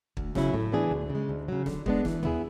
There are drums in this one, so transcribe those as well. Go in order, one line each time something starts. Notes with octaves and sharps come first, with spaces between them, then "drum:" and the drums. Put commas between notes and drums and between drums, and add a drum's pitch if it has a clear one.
D2, drum: kick
C#3 F#3 C#4 E4, drum: snare
A2
E3 B3 D4 G#4
D2
C#3
G#3
D2
C#3 F#3
D3, drum: snare
G#3 B3 D4, drum: kick
E3, drum: snare
B3 E4 G#4, drum: tom